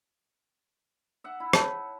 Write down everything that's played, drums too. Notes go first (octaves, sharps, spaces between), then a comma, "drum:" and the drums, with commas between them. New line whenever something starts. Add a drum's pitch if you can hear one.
E5 F#5
E4
C#5 A5, drum: rim click